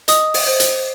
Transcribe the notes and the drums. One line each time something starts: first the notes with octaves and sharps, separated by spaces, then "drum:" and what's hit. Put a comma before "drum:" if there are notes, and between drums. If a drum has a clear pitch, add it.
D#5 D#6, drum: hi-hat
drum: open hi-hat
C5
drum: hi-hat